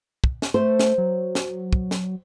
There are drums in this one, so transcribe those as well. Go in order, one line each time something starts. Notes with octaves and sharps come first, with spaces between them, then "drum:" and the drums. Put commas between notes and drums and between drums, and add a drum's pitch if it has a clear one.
drum: kick
drum: snare
A3 C5
drum: snare
F#3
drum: snare
drum: kick
drum: snare